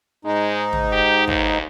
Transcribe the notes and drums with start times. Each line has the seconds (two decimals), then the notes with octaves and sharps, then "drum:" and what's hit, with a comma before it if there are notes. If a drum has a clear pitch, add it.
0.25 G#2 G#3 D#4
0.73 drum: tom
0.92 G4
1.28 D#2, drum: kick